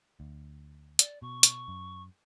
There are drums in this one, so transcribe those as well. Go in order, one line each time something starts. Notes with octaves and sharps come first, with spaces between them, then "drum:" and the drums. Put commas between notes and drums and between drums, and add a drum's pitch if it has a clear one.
D2
D5, drum: hi-hat
B2 C#6
drum: hi-hat
F#2